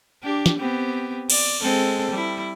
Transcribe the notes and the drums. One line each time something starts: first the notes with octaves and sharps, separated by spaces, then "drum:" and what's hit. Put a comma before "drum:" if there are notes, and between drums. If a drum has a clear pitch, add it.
D4 G4
drum: snare
B3 C4 G4
D5, drum: cymbal
G#3 C4 A4
G3 E4